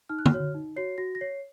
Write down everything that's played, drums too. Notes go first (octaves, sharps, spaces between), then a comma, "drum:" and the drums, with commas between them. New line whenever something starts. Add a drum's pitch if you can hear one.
D#4 F6
F#6
F6, drum: tom D3
F#4 C#5
D#4
F#4 C#5 C7
F#4 A#6
A#6
C#5 C7